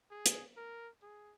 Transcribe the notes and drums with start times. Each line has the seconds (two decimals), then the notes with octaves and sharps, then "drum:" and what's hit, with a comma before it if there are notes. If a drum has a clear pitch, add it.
0.11 G#4
0.26 drum: hi-hat
0.57 A#4
1.02 G#4